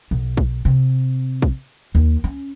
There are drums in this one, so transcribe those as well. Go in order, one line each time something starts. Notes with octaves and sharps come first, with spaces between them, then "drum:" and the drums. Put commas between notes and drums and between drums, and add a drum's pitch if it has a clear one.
B1
drum: kick
C3
drum: kick
D#2
C#4